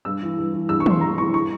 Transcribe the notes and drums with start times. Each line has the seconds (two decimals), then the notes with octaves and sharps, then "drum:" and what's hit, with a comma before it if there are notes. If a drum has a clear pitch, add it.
0.05 G2 E6
0.22 E3
0.38 G2
0.53 E3
0.69 G2 E6
0.80 C#6
0.86 E3 C6, drum: tom
1.01 G2 A#5
1.17 E3 C#6
1.34 C#6